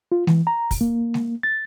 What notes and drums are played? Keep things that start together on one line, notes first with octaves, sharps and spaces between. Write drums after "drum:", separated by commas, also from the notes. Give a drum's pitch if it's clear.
F4
E3, drum: snare G#3
A#5
drum: kick, open hi-hat
A#3
drum: snare G#3
A6